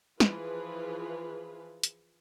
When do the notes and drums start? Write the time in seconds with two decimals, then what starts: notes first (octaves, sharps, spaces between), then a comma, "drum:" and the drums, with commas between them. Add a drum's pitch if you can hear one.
0.20 E3 F3 F4 G#4 B4, drum: snare
1.83 drum: hi-hat